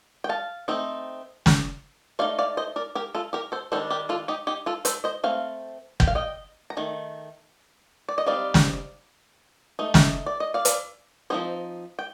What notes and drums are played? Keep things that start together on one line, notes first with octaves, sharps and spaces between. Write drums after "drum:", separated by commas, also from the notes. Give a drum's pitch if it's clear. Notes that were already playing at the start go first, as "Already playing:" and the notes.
G5
F5 A5
A3 C4 D#4
drum: snare
A3 D#4 D5 F5
D5 F5
C5 D#5
A#4 D5
G4 A#4
F4 A4
G4 A#4
A4 C5
D#3 G3 D4 A4 C5
G4 A#4
F4 A4
D#4 G4
D#4 G4
F4 A4
A4 C5, drum: hi-hat
C5 D#5
A3 C4 F5
G5, drum: kick
F5
D#5 G5
A#5
D#3 A3
D5
D#5
G3 C4 D#4 D5 F5
drum: snare
A3 D#4
drum: snare
D5
D#5
D5 F5
drum: hi-hat
F3 A3 C4 D#4 C5 D#5
G5